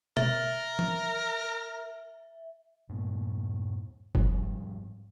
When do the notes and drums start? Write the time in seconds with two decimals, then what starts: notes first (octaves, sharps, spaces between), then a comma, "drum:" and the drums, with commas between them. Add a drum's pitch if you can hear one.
0.17 A#4 E5, drum: tom B2
0.79 drum: tom
2.89 G2 A#2 B3
4.15 G#2 F3 G3 C4, drum: kick F#1